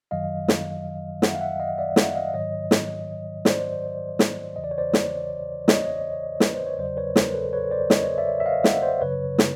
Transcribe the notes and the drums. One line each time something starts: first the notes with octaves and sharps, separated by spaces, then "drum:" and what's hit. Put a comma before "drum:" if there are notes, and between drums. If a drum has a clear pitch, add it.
F#2 D#3 F#3 D#5 F5
drum: snare
E5 F#5, drum: snare
F5
E5 F#5
D#5 F5
D5 E5
E5 F#5, drum: snare
D#5 F5
G#2 D#3 F#3 C#5 D#5
drum: snare
C5 D5, drum: snare
drum: snare
E2 C#3 E3 D#5
D5
C#5
C5 D5
drum: snare
C#5 D#5, drum: snare
B4, drum: snare
C5
C#5
E2 C#3 F#3 C5 D5
B4 C#5
A#4 C5, drum: snare
A4 B4
B4 C#5
C5 D5
C#5 D#5, drum: snare
D5 E5
E5
D#5 F5
E5 F#5, drum: snare
C5 D5
F#2 C#3 F#3 B4 C#5
drum: snare